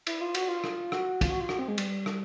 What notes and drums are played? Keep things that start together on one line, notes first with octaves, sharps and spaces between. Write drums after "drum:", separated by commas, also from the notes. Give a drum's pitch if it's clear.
E4, drum: cymbal
F4
F#4, drum: cymbal
F4
drum: rim click
F#4, drum: rim click
F4, drum: kick, cymbal
F#4
F4
F#4, drum: rim click
C4
G#3
G3, drum: cymbal
drum: rim click